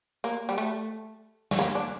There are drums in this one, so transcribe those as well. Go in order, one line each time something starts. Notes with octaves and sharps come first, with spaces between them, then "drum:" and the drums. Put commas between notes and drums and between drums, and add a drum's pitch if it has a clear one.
A#3
G3
A3
A3, drum: snare
A#3
D4